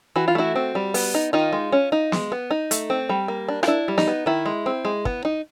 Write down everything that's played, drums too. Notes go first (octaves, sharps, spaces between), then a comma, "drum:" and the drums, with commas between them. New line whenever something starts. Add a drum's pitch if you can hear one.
E3 F#4
F4
A3 E4 F#4
C4
G3
B3, drum: open hi-hat
D#4
D#3 D#4 F4
G#3
C#4
D#4
G#3, drum: snare
B3
D#4
A3, drum: hi-hat
C4
G3
A#3
D4
F4, drum: rim click
D4 E4
G3
D#4, drum: snare
B3
D#3 E4
G#3
C4
G#3
B3, drum: kick
D#4